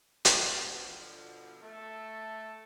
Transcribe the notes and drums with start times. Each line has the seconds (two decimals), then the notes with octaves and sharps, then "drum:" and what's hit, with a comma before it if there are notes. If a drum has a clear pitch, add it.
0.25 B2 D3 F3, drum: hi-hat
1.62 A3 A4